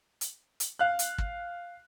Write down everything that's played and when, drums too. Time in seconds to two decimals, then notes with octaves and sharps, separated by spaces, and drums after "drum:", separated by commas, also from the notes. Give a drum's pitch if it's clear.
0.21 drum: hi-hat
0.60 drum: hi-hat
0.79 F5 F#6
0.99 drum: hi-hat
1.18 drum: kick